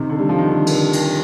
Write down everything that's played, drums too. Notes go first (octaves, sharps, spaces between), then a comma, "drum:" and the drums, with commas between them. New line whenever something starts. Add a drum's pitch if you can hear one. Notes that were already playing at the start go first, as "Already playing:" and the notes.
Already playing: C3 D#3
D3
G3
F3
D#3
D3
D3, drum: cymbal
drum: cymbal